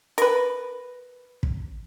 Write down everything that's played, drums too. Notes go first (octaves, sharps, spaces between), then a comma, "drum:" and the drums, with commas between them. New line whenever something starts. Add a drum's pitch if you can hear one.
A#4 B4, drum: hi-hat
drum: kick